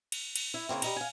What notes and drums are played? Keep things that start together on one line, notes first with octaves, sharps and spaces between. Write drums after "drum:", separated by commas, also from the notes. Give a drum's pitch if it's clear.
drum: cymbal
drum: cymbal
E4
C#3 E3 A#3 C4
G3 D#5 A#5, drum: cymbal
F5 G#5